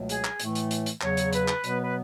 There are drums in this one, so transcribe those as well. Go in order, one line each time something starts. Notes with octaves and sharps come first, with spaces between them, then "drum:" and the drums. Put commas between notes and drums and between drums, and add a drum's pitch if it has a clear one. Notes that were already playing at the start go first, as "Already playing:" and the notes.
Already playing: C#2 B2 F#3 A3
G#4, drum: hi-hat
drum: clap
A2 E3 A3, drum: hi-hat
drum: hi-hat
drum: hi-hat
drum: hi-hat
E2 C#3 F#3 C#5, drum: clap
drum: hi-hat
B4, drum: hi-hat
drum: clap
B2 F#3 B3, drum: hi-hat
B4